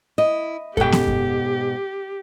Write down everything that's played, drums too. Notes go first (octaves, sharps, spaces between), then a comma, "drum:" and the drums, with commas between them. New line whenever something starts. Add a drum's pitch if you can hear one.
E4 D#5
G#2 B2 G4 A4 G5, drum: kick F#2
drum: snare B3
drum: kick F#2